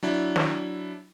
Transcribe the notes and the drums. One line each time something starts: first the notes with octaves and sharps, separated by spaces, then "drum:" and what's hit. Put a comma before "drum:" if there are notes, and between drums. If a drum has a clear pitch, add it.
F#3 D4 E4
drum: snare